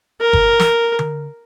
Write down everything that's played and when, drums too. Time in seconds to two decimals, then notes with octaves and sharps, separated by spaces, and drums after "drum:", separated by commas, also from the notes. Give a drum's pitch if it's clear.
0.20 A#4
0.33 drum: kick G1
0.60 drum: snare
0.99 drum: tom D3